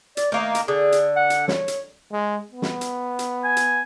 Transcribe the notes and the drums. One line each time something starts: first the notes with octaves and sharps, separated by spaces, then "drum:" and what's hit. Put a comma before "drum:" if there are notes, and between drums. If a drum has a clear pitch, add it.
D5, drum: hi-hat
D#3 A3 A#3 D#4
drum: hi-hat
D3 G#4
drum: hi-hat
F#5
drum: hi-hat
C#5, drum: snare
drum: hi-hat
G#3
B3
drum: snare
drum: hi-hat
drum: hi-hat
G#5
drum: hi-hat